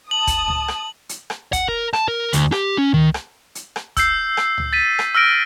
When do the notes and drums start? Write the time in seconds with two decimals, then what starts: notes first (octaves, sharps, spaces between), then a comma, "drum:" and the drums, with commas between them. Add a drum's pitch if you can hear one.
0.11 A5 D#6 F#7
0.27 drum: kick, hi-hat
0.48 drum: tom C#2
0.68 drum: rim click
1.09 drum: hi-hat
1.30 drum: rim click
1.53 F#5, drum: kick, hi-hat
1.69 A#4
1.93 A5, drum: rim click
2.08 A#4
2.33 D2, drum: hi-hat
2.52 G4, drum: rim click
2.78 C#4
2.94 D#3, drum: tom C#2
3.14 drum: rim click
3.55 drum: hi-hat
3.76 drum: rim click
3.97 E6 G6 C7, drum: kick, hi-hat
4.37 drum: rim click
4.58 drum: tom C#2
4.73 A6 B6 D#7
4.99 drum: rim click
5.15 E6 F6 A#6 D7